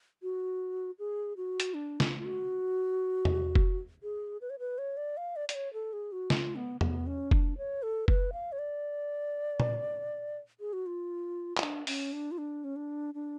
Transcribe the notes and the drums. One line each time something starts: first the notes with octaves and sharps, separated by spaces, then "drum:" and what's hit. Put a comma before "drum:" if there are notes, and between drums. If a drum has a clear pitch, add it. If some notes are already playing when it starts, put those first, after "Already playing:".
F#4
G#4
F#4
drum: hi-hat
D4
F4, drum: snare
F4
F#4
drum: tom E2
drum: kick F1
G#4
B4
C#5
B4
C#5
D5
F5
D5
D5, drum: hi-hat
C#5
A4
G#4
F#4
F4, drum: snare
B3
B3, drum: tom E2
C#4
D4, drum: kick F1
C#5
A4
B4, drum: kick F1
F5
C#5
D5
drum: tom A#2
G#4
F#4
F4
F4, drum: clap
D4
C#4, drum: open hi-hat
D4
F4
D4
C#4
D4
D4